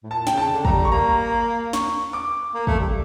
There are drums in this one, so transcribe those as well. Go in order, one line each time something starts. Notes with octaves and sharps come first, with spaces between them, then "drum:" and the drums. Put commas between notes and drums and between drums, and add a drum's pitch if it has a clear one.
A2
A#2 A5
C#3 G5, drum: snare
A5
D3
A3 A#5, drum: kick
G3
C#6
A#3 A#5
C#6, drum: snare
D6
A#3
A3, drum: kick
G3